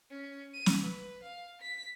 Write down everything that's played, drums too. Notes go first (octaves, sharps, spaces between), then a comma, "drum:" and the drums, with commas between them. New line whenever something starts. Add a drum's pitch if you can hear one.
C#4
D#7
drum: snare
B4
F5
B6